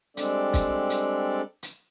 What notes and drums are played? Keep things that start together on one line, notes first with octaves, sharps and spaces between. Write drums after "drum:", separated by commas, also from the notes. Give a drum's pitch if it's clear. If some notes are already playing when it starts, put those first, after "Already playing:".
G3 G#3 C4 D4 A4 D5, drum: hi-hat
drum: kick, hi-hat
drum: hi-hat
drum: hi-hat